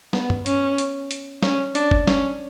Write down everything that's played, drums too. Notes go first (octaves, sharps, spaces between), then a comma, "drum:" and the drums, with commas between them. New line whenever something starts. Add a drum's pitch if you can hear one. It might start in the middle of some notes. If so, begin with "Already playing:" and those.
B3, drum: snare
drum: tom G2
C#4, drum: hi-hat
drum: hi-hat
drum: hi-hat
C#4, drum: snare
D4, drum: hi-hat
drum: kick G1
C#4, drum: snare